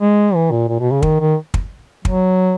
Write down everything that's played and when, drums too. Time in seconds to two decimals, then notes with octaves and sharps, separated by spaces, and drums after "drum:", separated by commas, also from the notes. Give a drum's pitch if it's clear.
0.01 G#3
0.35 E3
0.51 A#2
0.69 A#2
0.80 B2
0.91 C#3
1.02 D#3, drum: kick
1.20 D#3
1.54 drum: kick
2.05 F#3, drum: kick